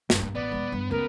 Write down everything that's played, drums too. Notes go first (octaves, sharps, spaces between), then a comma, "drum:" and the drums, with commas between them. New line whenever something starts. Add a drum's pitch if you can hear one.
F#1 G2, drum: snare
A#3
A1 B3 D5
E1 G#3
G2
C#2 B3 C#4 A#4